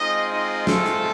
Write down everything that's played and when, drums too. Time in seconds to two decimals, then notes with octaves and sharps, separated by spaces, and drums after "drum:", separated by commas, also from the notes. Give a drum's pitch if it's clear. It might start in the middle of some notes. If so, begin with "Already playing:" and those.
Already playing: G#3 C4 D#4 F4 D#5
0.29 D#4 D#5
0.67 A3 A4, drum: snare
0.86 drum: hi-hat